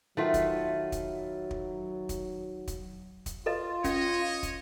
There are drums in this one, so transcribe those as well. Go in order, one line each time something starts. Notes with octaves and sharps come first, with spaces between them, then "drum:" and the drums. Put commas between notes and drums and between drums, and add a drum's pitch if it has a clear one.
D#3 F#3 A3 F4 B4 F#5
drum: kick, hi-hat
drum: kick, hi-hat
drum: kick
drum: kick, hi-hat
drum: kick, hi-hat
drum: kick, hi-hat
F4 A4 B4 D#5
C#4 C#5 D#5, drum: kick, hi-hat
drum: kick, hi-hat